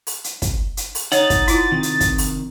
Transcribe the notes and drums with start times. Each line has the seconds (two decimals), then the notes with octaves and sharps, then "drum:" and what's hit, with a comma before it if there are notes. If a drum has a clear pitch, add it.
0.07 drum: open hi-hat
0.24 drum: hi-hat
0.42 drum: kick, hi-hat
0.77 drum: hi-hat
0.95 drum: open hi-hat
1.12 D#4 C#5 F#5 A6, drum: hi-hat
1.30 drum: kick, hi-hat
1.48 E4 F4, drum: hi-hat
1.72 C3 D#3
1.83 drum: hi-hat
2.01 drum: kick, hi-hat
2.18 drum: open hi-hat